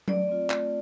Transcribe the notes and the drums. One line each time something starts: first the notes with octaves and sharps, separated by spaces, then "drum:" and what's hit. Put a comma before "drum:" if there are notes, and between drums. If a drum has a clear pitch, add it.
A3 D5, drum: tom F#3
C4 F4
A3, drum: clap